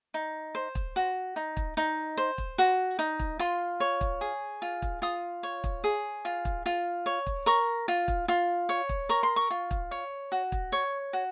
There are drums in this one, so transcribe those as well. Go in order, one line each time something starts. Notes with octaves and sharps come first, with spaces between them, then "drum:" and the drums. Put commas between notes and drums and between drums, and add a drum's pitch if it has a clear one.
D#4
C5
drum: kick
F#4
D#4
drum: kick
D#4
C5
drum: kick
F#4
D#4
drum: kick
F4 C6
C#5
drum: kick
G#4
F4
drum: kick
F4 D#6
C#5
drum: kick
G#4
F4
drum: kick
F4
C#5
drum: kick
A#4 C#6
F4
drum: kick
F4
C#5
drum: kick
A#4 C#6
C6
C#6
F4
drum: kick
C#5
F#4
drum: kick
C#5 C#6
F#4